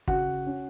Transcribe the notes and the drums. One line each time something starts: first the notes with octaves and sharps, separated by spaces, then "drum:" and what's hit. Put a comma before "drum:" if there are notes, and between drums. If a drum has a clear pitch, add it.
C#3 F#4 F#5, drum: kick
C#4